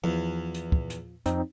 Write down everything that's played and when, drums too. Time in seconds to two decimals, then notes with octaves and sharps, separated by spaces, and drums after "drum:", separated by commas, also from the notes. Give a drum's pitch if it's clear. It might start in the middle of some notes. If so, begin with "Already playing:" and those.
0.04 E2 F3
0.54 drum: hi-hat
0.72 drum: kick
0.90 drum: hi-hat
1.26 F2 C4 D#4, drum: hi-hat